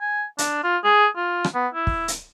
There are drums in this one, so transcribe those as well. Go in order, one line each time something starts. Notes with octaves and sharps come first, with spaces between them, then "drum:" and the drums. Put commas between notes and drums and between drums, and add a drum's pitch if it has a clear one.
G#5
D4, drum: hi-hat
F4
G#4
F4
drum: rim click
B3
E4
drum: kick
drum: hi-hat